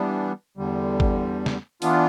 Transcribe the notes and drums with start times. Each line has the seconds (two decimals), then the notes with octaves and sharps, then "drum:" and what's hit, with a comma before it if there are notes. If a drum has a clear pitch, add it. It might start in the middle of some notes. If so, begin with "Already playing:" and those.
Already playing: E3 G3 B3 D4
0.57 E2 D3 G3
1.00 drum: kick
1.46 drum: snare
1.82 E3 B3 D4 F4, drum: open hi-hat